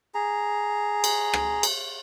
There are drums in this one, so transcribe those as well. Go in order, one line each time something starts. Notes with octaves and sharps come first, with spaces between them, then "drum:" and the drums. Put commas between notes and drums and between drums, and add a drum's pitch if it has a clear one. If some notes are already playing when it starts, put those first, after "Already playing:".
G#4 A#5
drum: cymbal
drum: rim click
drum: cymbal